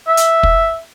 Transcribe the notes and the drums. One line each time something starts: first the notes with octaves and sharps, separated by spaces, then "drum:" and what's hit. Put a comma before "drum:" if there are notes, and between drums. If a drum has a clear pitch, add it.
E5
drum: hi-hat
drum: kick